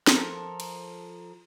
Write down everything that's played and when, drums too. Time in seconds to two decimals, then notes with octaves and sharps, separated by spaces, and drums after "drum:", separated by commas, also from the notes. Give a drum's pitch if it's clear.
0.07 F3 A4 A#4, drum: snare
0.60 drum: cymbal